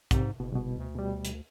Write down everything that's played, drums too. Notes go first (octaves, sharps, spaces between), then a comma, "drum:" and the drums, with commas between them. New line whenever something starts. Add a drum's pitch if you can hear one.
G#2 C3, drum: kick, hi-hat
F#1 B2
C2 B2
D2
B2 G3
drum: hi-hat